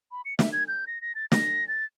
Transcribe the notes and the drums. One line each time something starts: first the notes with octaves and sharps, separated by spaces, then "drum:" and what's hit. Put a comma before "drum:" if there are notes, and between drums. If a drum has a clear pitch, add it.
B5
C#7
E5, drum: snare
G#6
G6
A#6
A#6
A6
A#6, drum: snare
A6